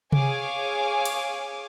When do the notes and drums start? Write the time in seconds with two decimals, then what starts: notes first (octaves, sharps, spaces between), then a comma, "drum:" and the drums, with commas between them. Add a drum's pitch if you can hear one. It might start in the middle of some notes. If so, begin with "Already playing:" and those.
0.12 G#4 C#5 F5 G#5 D6, drum: tom C3
1.05 drum: cymbal